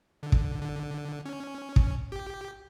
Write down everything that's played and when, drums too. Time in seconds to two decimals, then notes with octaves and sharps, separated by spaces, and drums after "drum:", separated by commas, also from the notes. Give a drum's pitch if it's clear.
0.23 D3
0.32 drum: kick
0.61 D3
1.26 C#4
1.76 drum: kick
2.12 G4